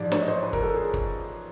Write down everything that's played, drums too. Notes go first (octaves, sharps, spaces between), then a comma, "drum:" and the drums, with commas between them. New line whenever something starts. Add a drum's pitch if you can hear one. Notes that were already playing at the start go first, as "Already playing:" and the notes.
Already playing: A1 G#2 F3 D5
C#5, drum: snare
D#5
C5
C#5
B4
A#4, drum: kick
A4
G#4
drum: kick